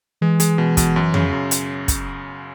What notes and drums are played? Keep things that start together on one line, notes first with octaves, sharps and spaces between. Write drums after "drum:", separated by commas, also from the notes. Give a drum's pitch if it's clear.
E3 G#3
G#3, drum: hi-hat
B2
B2, drum: kick, hi-hat
F#2
C#3, drum: tom F2
F#2
drum: hi-hat
drum: kick, hi-hat